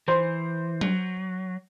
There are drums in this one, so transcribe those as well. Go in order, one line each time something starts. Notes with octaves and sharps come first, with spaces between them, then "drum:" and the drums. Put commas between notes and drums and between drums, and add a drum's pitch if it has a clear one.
E3 C5 C6
F#3, drum: tom F#3